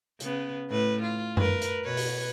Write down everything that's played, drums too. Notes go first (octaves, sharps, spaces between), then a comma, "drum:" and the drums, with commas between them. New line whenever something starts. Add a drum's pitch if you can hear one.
C#3 B3, drum: hi-hat
A2 B4
F4
A#4 B4, drum: tom F#2
drum: hi-hat
B2 B4 C#5
drum: open hi-hat